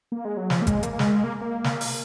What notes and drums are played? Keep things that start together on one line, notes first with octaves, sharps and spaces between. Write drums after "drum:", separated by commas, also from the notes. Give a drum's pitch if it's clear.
A#3
G#3
F#3
F3, drum: snare
A#3
G#3, drum: kick G#1, hi-hat
A#3, drum: hi-hat
A#3
G#3, drum: snare
A#3
A#3
drum: snare
drum: open hi-hat